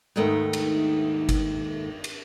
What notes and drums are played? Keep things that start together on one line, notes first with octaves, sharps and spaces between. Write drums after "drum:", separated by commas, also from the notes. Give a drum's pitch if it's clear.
D#2 G#2 D#3 A3 B3
drum: cymbal
drum: kick G1, cymbal
drum: cymbal